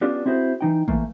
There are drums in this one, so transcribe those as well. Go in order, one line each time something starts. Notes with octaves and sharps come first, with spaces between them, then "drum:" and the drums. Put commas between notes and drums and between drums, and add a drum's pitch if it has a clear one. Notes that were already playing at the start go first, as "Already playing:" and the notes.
B3 C#4 D4 F4 G4
C4 E4 F#4 G#4 C5
E3 D#4 G5
E3 A3 A#3, drum: kick